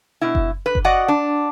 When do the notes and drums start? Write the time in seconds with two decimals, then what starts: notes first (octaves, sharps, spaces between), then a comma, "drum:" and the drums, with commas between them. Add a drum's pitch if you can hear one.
0.21 B2 E4
0.35 drum: kick F#1
0.66 B4
0.75 drum: kick F#1
0.84 F#4 D5 D#5 F#5
1.08 D4